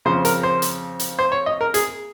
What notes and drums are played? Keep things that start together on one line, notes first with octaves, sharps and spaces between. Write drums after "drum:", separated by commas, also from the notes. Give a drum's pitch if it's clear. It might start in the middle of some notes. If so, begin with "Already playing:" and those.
F2 C#3 F3 C5
A#4, drum: hi-hat
C5
drum: hi-hat
drum: hi-hat
C5
C#5
D#5
A#4
G#4, drum: hi-hat